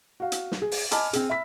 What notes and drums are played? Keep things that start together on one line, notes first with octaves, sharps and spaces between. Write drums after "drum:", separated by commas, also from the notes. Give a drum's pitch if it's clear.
F#4 F5
drum: hi-hat
drum: snare
G#4
drum: open hi-hat
D#5 G#5 A5 B5 D6 F6, drum: hi-hat
C4 G#4, drum: hi-hat
E5 B5 B6